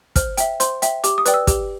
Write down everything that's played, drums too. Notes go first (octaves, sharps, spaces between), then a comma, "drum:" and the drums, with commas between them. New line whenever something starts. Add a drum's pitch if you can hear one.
C5 F6, drum: kick, hi-hat
E5 G5, drum: hi-hat
C5 C6, drum: hi-hat
E5 G5, drum: hi-hat
G4 D6, drum: hi-hat
D#6
B4 D5 G5, drum: hi-hat
E6
G4, drum: kick, hi-hat